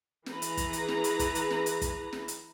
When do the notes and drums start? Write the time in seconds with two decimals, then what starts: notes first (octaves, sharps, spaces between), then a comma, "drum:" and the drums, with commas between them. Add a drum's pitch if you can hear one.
0.26 E3 G#4 B4 A#5, drum: snare
0.42 drum: hi-hat
0.57 drum: kick, hi-hat
0.73 drum: hi-hat
0.88 drum: snare
1.04 drum: hi-hat
1.19 drum: kick, hi-hat
1.35 drum: hi-hat
1.50 drum: snare
1.66 drum: hi-hat
1.81 drum: kick, hi-hat
2.13 drum: snare
2.28 drum: hi-hat